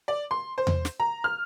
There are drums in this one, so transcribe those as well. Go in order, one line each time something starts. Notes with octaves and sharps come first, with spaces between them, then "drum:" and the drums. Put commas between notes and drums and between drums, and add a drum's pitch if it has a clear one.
D5
C6
C5
drum: tom E2
drum: snare
A#5
F6